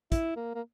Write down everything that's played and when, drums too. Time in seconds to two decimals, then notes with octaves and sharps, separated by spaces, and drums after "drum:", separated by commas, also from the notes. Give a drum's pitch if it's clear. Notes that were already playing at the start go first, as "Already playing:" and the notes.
0.12 E4, drum: kick, hi-hat
0.36 A#3
0.55 A#3